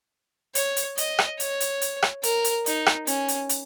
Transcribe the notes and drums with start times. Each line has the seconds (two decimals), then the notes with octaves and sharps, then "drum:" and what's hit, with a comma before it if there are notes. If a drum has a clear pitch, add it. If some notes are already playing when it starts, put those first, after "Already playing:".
0.55 C#5, drum: hi-hat
0.77 drum: hi-hat
0.98 D#5, drum: hi-hat
1.18 drum: rim click
1.40 C#5, drum: hi-hat
1.60 drum: hi-hat
1.81 drum: hi-hat
2.02 drum: rim click
2.23 A#4, drum: hi-hat
2.44 drum: hi-hat
2.66 D#4, drum: hi-hat
2.86 drum: rim click
3.07 C#4, drum: hi-hat
3.28 drum: hi-hat
3.49 drum: hi-hat